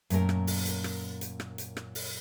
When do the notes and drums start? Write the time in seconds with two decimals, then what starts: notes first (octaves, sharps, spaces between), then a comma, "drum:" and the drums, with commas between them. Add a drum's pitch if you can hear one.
0.10 F#2 A#2 A3 A#4, drum: hi-hat
0.29 drum: rim click
0.47 drum: open hi-hat
0.66 drum: hi-hat
0.84 drum: rim click
1.21 drum: hi-hat
1.40 drum: rim click
1.58 drum: hi-hat
1.77 drum: rim click
1.95 drum: open hi-hat